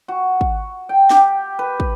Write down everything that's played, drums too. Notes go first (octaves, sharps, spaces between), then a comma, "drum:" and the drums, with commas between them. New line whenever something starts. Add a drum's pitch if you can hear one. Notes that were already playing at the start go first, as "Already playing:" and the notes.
F#4
drum: kick
G5
G4, drum: snare
B4
drum: kick